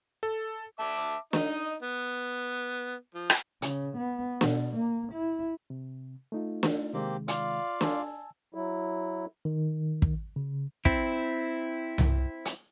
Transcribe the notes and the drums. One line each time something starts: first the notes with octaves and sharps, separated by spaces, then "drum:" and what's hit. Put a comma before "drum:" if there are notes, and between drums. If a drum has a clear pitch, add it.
A4
E5 A5 D6
D#4 D#5, drum: snare
B3
F3
drum: rim click
C#3, drum: hi-hat
B3
B2, drum: snare
A#3
E4
C3
A3 D#4 F4
drum: snare
C3 D#3 G#3 A#3 C4 G4
F4 D5 F5, drum: hi-hat
G#5 A5 E6, drum: snare
F#3 E4
D#3
drum: kick
C#3
C4 E4, drum: kick
drum: tom C2
drum: hi-hat